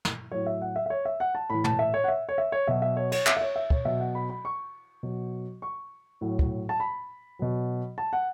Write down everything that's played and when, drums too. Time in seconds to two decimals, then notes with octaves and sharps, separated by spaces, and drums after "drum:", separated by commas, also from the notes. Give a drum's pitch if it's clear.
0.05 drum: snare
0.31 A2 F#3 C#5
0.46 E5
0.62 F#5
0.76 E5
0.86 E5
0.90 C#5
1.05 E5
1.20 F#5
1.35 A5
1.50 A2 E3 B5
1.64 A5, drum: tom
1.79 E5
1.94 C#5
2.04 F#5
2.08 E5
2.29 C#5
2.38 E5
2.52 C#5
2.67 B2 F#3 E5
2.82 E5
2.97 C#5
3.12 C#5, drum: cymbal
3.26 E5, drum: clap
3.37 E5
3.41 C#5
3.56 E5
3.70 C#5, drum: kick
3.85 B2 F#3 E5
4.00 F#5
4.15 B5
4.30 B5
4.45 C#6
5.03 B2 F#3
5.62 C#6
6.21 A2 F#3
6.39 drum: kick
6.69 A5
6.80 B5
7.39 B2 F#3
7.98 A5
8.13 F#5